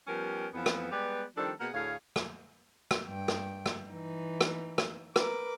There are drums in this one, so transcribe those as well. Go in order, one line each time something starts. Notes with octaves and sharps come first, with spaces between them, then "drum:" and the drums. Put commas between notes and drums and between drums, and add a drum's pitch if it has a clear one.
F3 G3 B3 C#4 G4 A#4
F2 E3 F3 B3
drum: rim click
G3 G#3 B3 G4 B4 D5
D#3 F3 G3 C4 D4 A4
B2 A#3 G#4 A#4 F#5
D2 A2 G#4 C#5 F5
drum: rim click
drum: rim click
G2 G5
drum: rim click
drum: rim click
E3 D#4
drum: rim click
drum: rim click
A#4 B4 D6, drum: rim click